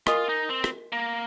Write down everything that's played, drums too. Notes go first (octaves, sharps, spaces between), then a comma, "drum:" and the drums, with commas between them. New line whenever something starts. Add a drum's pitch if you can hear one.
F4 A#4 D#5 G#5 D#6, drum: rim click
D#4
C4
drum: rim click
A#3